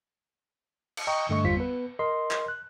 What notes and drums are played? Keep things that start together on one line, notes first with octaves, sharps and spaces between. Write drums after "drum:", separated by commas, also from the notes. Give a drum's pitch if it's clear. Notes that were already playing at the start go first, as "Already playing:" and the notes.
drum: cymbal
D#5 G5 A#5 C#6 D#6
G2 D3 A3 D#5 C#6
G1 E2 G3 F4 C5 B6
B3 B4
A#4 D#5 C6
drum: clap
F#6